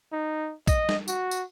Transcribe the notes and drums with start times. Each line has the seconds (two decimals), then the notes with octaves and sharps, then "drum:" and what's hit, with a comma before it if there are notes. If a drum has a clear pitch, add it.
0.12 D#4
0.67 D#5, drum: kick A#1, tambourine
0.89 drum: snare
1.08 F#4, drum: tambourine
1.31 drum: tambourine